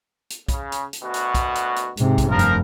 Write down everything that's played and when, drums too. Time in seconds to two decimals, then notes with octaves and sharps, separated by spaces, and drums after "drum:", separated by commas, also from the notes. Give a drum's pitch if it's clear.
0.30 drum: hi-hat
0.48 C#3, drum: kick, hi-hat
0.72 drum: hi-hat
0.93 drum: hi-hat
1.03 D2 B2 F#4
1.14 drum: hi-hat
1.35 drum: kick, hi-hat
1.55 drum: hi-hat
1.76 drum: hi-hat
1.97 G#2 C3, drum: hi-hat
2.18 drum: kick, hi-hat
2.29 F1 G2 F3 A#4
2.39 drum: hi-hat